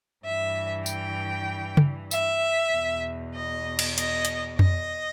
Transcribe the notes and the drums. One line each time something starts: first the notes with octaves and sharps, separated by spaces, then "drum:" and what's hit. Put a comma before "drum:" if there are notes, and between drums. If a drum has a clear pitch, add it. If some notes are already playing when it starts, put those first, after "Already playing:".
G2 E3 E5
G5, drum: tambourine
drum: tom C#3
E5, drum: tambourine
E2 B2
D#5
drum: cymbal
D#5, drum: hi-hat
drum: hi-hat
D#5, drum: tom F2